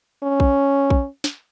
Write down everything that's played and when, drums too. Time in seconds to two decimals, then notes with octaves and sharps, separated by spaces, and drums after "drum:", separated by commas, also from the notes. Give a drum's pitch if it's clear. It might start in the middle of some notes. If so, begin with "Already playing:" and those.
0.23 C#4
0.40 drum: kick A#1
0.90 drum: kick A#1
1.24 drum: snare